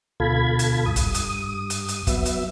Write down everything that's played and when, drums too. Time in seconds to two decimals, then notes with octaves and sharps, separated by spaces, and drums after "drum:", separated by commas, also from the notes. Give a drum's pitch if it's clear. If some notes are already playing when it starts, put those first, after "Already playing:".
0.20 D2 B2 F4 A4 B5 G#6
0.59 drum: hi-hat
0.86 G2 D#6
0.96 drum: kick, hi-hat
1.14 drum: hi-hat
1.70 drum: hi-hat
1.88 drum: hi-hat
2.07 F#3 B3 E5, drum: kick, hi-hat
2.25 drum: hi-hat